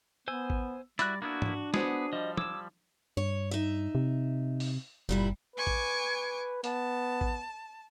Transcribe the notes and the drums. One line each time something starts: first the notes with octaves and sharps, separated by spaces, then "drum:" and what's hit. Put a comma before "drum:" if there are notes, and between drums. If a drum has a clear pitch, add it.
B3 C5 G#5 E6
drum: kick A1
G3 E4 F#4 D5 B5 F#6 A#6, drum: hi-hat
A#3 B3 D4 E4 F#4
drum: tom
B3 F#4 G#4 C5 F#5, drum: snare
F3 G3 D#5
D6 E6 G#6 E7, drum: tom
G2 C#5
D#4 E5
C3
drum: open hi-hat
F#1 A#2 G3 E4
B4 G#5 C#6 D6
drum: kick A1
B3 A5, drum: hi-hat
drum: kick A1